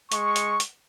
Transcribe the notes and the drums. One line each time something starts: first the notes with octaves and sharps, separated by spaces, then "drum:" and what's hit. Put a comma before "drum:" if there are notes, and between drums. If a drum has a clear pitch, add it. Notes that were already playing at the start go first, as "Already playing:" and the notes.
G#3 C#6, drum: hi-hat
drum: hi-hat
drum: hi-hat